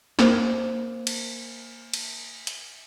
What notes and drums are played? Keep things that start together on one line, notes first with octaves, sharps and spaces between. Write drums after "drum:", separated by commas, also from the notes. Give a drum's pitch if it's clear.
A#3 A#4 C5, drum: snare
drum: cymbal
drum: cymbal
drum: hi-hat